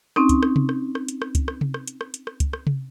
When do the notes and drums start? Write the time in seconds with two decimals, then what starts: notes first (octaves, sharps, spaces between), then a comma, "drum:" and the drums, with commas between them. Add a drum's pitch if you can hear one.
0.16 C4 C#4 D#4, drum: rim click
0.29 drum: kick C#2, hi-hat
0.43 drum: rim click
0.56 drum: tom C3
0.69 drum: rim click
0.95 drum: rim click
1.08 drum: hi-hat
1.22 drum: rim click
1.35 drum: kick C#2, hi-hat
1.48 drum: rim click
1.61 drum: tom C3
1.74 drum: rim click
1.88 drum: hi-hat
2.01 drum: rim click
2.14 drum: hi-hat
2.27 drum: rim click
2.40 drum: kick C#2, hi-hat
2.53 drum: rim click
2.67 drum: tom C3